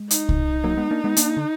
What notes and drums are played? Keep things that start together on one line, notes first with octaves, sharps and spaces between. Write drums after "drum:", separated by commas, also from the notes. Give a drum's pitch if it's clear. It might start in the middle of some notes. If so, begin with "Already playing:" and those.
Already playing: G#3
D#4, drum: hi-hat
drum: kick C2
F#3 A#3
G#3 B3
A#3 D4
G#3 B3
A#3 D4, drum: hi-hat
D3